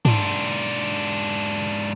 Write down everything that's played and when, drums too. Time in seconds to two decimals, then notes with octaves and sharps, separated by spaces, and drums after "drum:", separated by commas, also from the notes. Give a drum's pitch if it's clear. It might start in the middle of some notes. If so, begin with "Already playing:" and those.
0.05 G#2 D4, drum: tom